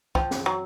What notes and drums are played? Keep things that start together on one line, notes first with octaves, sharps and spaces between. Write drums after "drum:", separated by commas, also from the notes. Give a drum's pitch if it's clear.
F3 G5, drum: kick
drum: snare
F#3